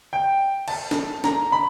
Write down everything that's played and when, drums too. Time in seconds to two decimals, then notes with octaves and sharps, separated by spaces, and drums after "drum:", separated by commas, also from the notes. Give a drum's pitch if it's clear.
0.13 G5
0.68 A5, drum: cymbal
0.91 drum: snare
1.24 A#5, drum: snare
1.52 B5